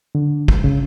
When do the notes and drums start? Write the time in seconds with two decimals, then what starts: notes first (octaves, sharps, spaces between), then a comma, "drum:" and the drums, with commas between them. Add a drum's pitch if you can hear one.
0.15 D3
0.48 drum: kick
0.64 C#3